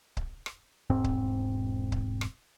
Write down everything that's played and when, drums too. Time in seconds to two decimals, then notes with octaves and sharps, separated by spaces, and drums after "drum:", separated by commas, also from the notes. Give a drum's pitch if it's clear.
0.17 drum: kick C#1
0.46 drum: rim click
0.90 E1 G#2 C4
1.04 drum: kick C#1
1.92 drum: kick C#1
2.21 drum: rim click